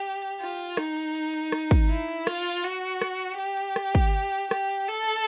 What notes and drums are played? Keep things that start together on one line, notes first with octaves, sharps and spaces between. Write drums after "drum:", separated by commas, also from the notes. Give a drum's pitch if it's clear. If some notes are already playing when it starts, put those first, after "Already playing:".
Already playing: G4
drum: hi-hat
F4, drum: hi-hat
drum: hi-hat
D#4, drum: rim click
drum: hi-hat
drum: hi-hat
drum: hi-hat
drum: rim click
drum: kick, hi-hat
E4, drum: hi-hat
drum: hi-hat
F4, drum: rim click
drum: hi-hat
F#4, drum: hi-hat
drum: rim click
drum: hi-hat
G4, drum: hi-hat
drum: hi-hat
drum: rim click
drum: kick
drum: hi-hat
drum: hi-hat
G4, drum: rim click
drum: hi-hat
A4, drum: hi-hat
drum: hi-hat